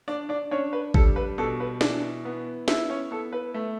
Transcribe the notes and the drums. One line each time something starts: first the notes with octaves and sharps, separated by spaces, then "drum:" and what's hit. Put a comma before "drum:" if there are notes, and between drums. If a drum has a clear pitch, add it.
D4 D5
D4 D5
C#4 D4 C#5
B4
G3 A4, drum: kick G#1
B4
B2 A4
B4
E3 D4 D5, drum: snare
B3
E4 E5, drum: snare
C#4 C#5
B3 A4
B4
A3